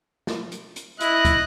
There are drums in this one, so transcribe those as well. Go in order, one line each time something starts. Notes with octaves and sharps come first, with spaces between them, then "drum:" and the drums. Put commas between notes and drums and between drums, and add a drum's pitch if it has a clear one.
drum: snare
drum: hi-hat
drum: hi-hat
E4 D#5 F#6, drum: hi-hat
drum: kick, hi-hat